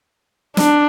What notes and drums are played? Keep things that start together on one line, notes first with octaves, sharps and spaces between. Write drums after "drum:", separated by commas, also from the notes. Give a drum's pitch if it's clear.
D4, drum: snare